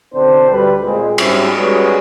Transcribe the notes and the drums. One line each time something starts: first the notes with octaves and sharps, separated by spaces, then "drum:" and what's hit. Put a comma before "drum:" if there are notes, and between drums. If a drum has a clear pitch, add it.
B1 D3 C4 D4 C5
D2 G3 B4
A#2 G#3 C4
G#2 F#3 G3 C4 C#4 E4, drum: cymbal
G3 G#3 B3 C#4 F#4 G#4